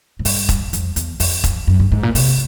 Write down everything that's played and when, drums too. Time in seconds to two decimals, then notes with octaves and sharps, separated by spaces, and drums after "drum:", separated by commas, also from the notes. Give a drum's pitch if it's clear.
0.19 G#2
0.25 G2, drum: open hi-hat
0.49 drum: kick E1, hi-hat
0.73 F2, drum: hi-hat
0.96 E2, drum: hi-hat
1.20 F2, drum: open hi-hat
1.44 drum: kick E1, hi-hat
1.67 F#2
1.80 G2
1.92 G#2
2.03 A#2
2.15 C3, drum: open hi-hat